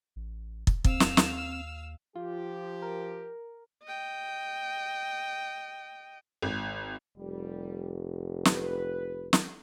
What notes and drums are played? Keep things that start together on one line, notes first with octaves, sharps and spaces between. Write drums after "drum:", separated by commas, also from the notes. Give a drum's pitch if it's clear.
A1
drum: kick
D#2 C4 F5 E6 F6, drum: kick
drum: snare
drum: snare
F3 F4 G4
A#4
D#5 G5
G#1
F1 G3
B4, drum: snare
drum: snare